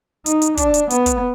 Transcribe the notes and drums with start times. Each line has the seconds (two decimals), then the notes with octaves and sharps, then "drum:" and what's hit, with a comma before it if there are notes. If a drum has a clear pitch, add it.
0.26 D#4, drum: hi-hat
0.42 drum: hi-hat
0.57 D4, drum: kick, hi-hat
0.74 drum: hi-hat
0.90 B3, drum: hi-hat
1.06 drum: kick, hi-hat